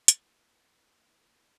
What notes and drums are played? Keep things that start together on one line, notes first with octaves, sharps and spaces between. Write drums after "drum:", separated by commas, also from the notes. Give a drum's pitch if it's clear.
A#3 E4 B4, drum: hi-hat